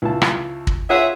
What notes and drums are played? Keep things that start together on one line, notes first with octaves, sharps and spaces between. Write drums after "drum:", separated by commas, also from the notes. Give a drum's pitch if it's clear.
C#2 E4 A5
drum: rim click
drum: kick
F4 G#4 C#5 E5 F#5